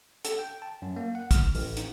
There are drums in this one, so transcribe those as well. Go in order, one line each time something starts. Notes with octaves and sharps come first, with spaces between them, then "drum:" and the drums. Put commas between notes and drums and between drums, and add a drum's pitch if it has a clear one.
A4, drum: hi-hat
G5
A5
F#2
A#3
F#5
F6, drum: kick, hi-hat
A1, drum: open hi-hat
D#4, drum: hi-hat